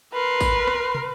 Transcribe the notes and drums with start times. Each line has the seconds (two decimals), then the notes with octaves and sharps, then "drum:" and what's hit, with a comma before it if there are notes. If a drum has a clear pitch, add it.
0.14 A#4 B4 C6
0.41 drum: kick, tambourine
0.68 drum: rim click
0.95 drum: tom